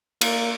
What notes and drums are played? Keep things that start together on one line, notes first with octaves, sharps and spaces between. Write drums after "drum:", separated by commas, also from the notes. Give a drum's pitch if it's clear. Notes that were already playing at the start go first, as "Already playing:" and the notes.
A#3, drum: cymbal